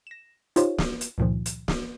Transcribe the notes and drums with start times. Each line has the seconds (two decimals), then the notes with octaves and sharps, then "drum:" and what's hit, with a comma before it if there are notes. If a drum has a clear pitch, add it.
0.07 A#6 E7
0.56 D#4 F4 G4 C5 C#5, drum: hi-hat
0.78 drum: snare
1.01 drum: hi-hat
1.18 C#2 G2 A#2 D#3 F3
1.46 drum: hi-hat
1.68 drum: snare